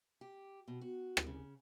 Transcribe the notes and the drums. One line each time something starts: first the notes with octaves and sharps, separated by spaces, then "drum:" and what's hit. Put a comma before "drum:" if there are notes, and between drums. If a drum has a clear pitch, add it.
G4
B2
F#4
drum: rim click
C#3